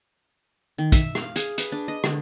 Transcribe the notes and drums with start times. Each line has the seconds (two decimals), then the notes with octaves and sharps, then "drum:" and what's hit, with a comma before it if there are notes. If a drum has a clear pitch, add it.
0.78 D#3
0.92 E5, drum: kick, hi-hat
1.15 F5, drum: rim click
1.36 G#4, drum: hi-hat
1.58 B4, drum: hi-hat
1.72 D4
1.88 D#5
2.04 D3, drum: rim click